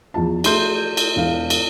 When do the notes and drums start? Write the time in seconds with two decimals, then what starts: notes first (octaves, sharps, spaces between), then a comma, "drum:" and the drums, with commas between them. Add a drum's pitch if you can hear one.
0.14 E2 F3 A5
0.44 A3 F#4 G#4 E5 C6 G6, drum: cymbal
0.97 drum: cymbal
1.16 E1 E3 F5
1.50 drum: cymbal